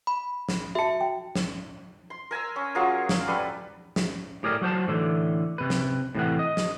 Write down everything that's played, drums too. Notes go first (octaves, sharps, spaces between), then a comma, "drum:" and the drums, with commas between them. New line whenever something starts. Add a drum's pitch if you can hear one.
B5
drum: snare
F#4 E5 A5 C#7
G5
drum: snare
C6
A#4 G#5 A#5 E6
C#4
F#3 F4 G#4 A#4
drum: snare
G3 A4 B4 D5
drum: snare
A2 G4 G#4 A#4 D5
F#3 F#4 C5 A5
A2 D3 E3
C3 B4
drum: snare
A2 C3 E3 F#5
D#5
drum: snare